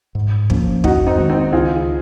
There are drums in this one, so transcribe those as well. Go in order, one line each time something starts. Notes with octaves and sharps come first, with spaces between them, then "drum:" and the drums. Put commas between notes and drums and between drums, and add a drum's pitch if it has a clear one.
G#2
F3 A#3 C#4, drum: kick
F2 D#4 F#4, drum: kick
C4 D#4
D#3 G#3
C4 D#4
C#2 F4 G#4